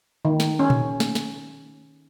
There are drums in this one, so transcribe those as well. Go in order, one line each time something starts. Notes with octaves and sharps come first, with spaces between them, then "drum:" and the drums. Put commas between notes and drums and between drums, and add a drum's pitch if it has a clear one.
D#3
drum: snare
C#4
drum: tom A#2
drum: snare
drum: snare